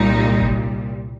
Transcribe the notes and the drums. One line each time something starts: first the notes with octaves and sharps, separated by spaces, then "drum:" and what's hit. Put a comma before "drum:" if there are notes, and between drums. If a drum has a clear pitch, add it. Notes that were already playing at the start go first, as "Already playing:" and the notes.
Already playing: C2 A#2 G3 D#4
drum: kick